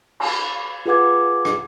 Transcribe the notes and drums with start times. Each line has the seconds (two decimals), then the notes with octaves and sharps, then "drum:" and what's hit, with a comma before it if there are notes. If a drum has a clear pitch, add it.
0.20 B5, drum: cymbal
0.86 F4 G#4 B4 F#5 D6 G#6
1.45 drum: rim click